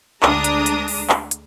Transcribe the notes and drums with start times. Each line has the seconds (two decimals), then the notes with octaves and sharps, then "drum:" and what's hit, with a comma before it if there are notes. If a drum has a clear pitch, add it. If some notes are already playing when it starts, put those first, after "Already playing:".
0.23 D2 G#3 D4 A#5 D#6, drum: clap
0.44 drum: hi-hat
0.66 drum: hi-hat
0.88 drum: open hi-hat
1.10 drum: clap
1.31 drum: hi-hat